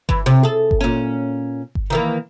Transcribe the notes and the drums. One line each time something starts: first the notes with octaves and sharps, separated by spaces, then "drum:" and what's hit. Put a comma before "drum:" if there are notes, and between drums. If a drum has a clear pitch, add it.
E3, drum: kick G1
C3
G#4 A4
drum: kick G1
A#2 C#4
drum: kick G1
D#3 E3 A#3